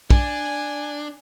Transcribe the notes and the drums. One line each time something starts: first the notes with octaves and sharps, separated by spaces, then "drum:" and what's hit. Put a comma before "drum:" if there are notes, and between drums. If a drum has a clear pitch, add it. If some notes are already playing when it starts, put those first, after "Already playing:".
D4 G#5, drum: kick